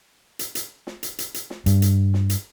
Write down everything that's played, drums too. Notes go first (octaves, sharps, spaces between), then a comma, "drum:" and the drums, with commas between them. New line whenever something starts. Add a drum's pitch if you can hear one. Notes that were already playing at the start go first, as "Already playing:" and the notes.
drum: hi-hat
drum: hi-hat
drum: snare
drum: hi-hat
drum: hi-hat
drum: hi-hat
drum: snare
G2, drum: hi-hat
drum: hi-hat
drum: snare
drum: hi-hat